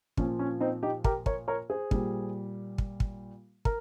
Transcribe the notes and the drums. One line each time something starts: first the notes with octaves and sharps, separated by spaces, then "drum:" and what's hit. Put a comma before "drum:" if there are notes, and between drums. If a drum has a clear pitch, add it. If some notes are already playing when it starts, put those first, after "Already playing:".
A#2 F3 C#4, drum: kick
C#4
C4 D#4
D#4 G4
G4 A#4, drum: kick
A#4 C#5, drum: kick
A#4 C#5
G#4 C5
A#2 G3, drum: kick
drum: kick
drum: kick
A#4, drum: kick